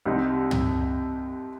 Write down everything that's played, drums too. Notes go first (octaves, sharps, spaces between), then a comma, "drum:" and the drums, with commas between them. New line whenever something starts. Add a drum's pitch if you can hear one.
C2 C3 G3 C4 D#4
drum: tom